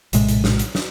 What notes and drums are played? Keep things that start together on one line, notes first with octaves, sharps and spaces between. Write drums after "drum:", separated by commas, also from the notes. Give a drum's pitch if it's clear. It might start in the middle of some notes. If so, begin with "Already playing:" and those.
A#1 A2 C3 G#3, drum: hi-hat
drum: hi-hat
drum: snare
drum: hi-hat
drum: snare